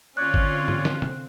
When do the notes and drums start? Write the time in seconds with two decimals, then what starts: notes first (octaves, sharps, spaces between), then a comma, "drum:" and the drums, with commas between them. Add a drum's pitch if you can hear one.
0.17 D3 C4 C#4 F4 C#5 D5 F#6
0.34 drum: kick
0.68 drum: tom
0.85 drum: snare
1.02 drum: tom C3